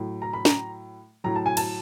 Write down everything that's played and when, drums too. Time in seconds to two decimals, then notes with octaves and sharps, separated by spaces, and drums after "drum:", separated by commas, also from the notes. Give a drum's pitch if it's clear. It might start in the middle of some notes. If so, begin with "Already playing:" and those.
Already playing: A2 F#3
0.22 A#5
0.33 B5
0.45 A#5, drum: snare
1.24 A2 F#3 A#5
1.36 A5
1.46 G#5
1.57 A5, drum: cymbal